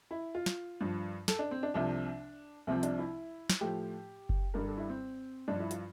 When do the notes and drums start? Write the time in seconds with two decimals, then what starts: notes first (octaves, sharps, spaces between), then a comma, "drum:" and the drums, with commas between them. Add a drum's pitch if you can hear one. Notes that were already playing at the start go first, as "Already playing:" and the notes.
0.11 E4
0.35 F4
0.46 drum: snare
0.81 G2 F3
1.28 A4, drum: snare
1.39 D4
1.51 C4
1.63 D4
1.74 C2 C3 F3 D4
2.67 C2 C3 F3 C4
2.83 D4, drum: hi-hat
2.99 E4
3.50 drum: snare
3.61 A2 F3 G4
4.29 drum: kick F#1
4.54 G2 D3 G3 A#4
4.67 A4
4.77 E4
4.90 C4
5.48 G2 F3 D4
5.60 E4
5.71 F4, drum: hi-hat